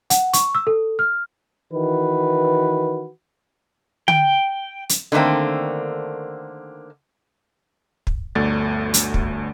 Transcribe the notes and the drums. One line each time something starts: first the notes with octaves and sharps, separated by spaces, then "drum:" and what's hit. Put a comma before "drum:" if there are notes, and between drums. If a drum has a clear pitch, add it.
F#5, drum: hi-hat
C#6, drum: hi-hat
E6
A4
F6
D#3 E3 F#4 B4
G5, drum: tom D3
drum: hi-hat
D3 D#3 A3 A#3 C4
drum: kick
G1 D2 A3 D5 A6
drum: hi-hat
drum: kick